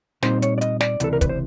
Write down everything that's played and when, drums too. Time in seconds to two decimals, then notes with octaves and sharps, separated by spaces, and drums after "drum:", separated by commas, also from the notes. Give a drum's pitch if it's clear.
0.22 A#2 G3 C4 D#4 C5, drum: snare
0.42 C#5, drum: hi-hat
0.58 D5
0.61 D#5, drum: hi-hat
0.81 D5, drum: snare
1.00 C#2 C3 E3 A4, drum: hi-hat
1.13 A#4
1.21 B4, drum: kick, hi-hat
1.29 C5